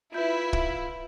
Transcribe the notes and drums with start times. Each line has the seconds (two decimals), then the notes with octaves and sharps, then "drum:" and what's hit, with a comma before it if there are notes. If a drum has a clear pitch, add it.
0.14 E4 F4 B4 E5 G6
0.53 drum: kick